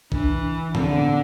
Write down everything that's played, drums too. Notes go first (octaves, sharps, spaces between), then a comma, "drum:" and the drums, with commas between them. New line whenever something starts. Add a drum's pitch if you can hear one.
E3 D4, drum: kick A#1
D3 C4, drum: tom A2
B3